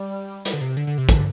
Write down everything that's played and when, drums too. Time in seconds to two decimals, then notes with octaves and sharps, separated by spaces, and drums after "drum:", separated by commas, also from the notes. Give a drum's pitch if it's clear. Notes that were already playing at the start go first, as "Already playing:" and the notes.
Already playing: G3
0.45 G3, drum: hi-hat
0.53 D3
0.61 C3
0.77 D3
0.87 D3
0.98 C3
1.09 D3, drum: kick, hi-hat